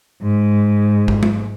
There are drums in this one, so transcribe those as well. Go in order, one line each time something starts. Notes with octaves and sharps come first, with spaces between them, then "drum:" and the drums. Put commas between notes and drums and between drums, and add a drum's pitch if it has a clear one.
G#2
drum: kick
drum: tom G#3